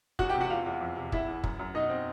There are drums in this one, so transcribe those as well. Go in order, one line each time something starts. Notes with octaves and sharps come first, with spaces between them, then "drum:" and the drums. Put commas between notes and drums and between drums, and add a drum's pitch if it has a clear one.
E2 F#4 F#5, drum: kick
G4 G5
C3
F#4 F#5
E2 F4 F5
E2
F2
C3
E2 E4 E5, drum: kick
E2
F#2, drum: kick
F#2
B2 D#4 D#5
C4